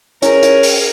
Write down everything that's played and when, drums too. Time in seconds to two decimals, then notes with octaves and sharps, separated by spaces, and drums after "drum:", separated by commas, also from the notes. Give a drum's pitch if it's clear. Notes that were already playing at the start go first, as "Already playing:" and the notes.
0.22 C#4 G#4 A#4, drum: hi-hat
0.42 drum: hi-hat
0.63 drum: open hi-hat